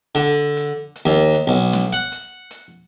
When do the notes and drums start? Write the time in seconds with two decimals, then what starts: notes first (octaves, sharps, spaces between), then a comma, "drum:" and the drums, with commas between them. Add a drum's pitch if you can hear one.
0.15 D3
0.57 drum: hi-hat
0.96 drum: hi-hat
1.06 D#2
1.34 drum: hi-hat
1.47 B1
1.73 drum: snare
1.93 F#5
2.12 drum: hi-hat
2.51 drum: hi-hat